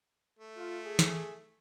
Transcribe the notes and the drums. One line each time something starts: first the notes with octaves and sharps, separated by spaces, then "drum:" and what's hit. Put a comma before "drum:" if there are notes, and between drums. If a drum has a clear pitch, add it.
A3
F4
G#4
drum: snare